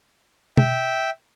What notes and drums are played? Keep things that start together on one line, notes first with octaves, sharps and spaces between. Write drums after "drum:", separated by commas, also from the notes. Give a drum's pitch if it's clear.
E5 G5, drum: tom B2